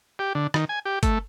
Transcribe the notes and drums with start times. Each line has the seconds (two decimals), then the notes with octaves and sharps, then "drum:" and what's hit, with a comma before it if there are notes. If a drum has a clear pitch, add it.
0.19 G4
0.35 D3
0.54 D#3, drum: rim click
0.69 G#5
0.85 G4
1.03 A3, drum: kick, hi-hat